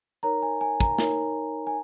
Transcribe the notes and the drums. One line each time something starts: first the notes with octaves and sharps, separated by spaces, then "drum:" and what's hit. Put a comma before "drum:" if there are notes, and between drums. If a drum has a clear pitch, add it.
D#4 A#4 C#5 A#5
G#5
G#5
A#5, drum: kick
D#4 A#4 C#5, drum: snare
G#5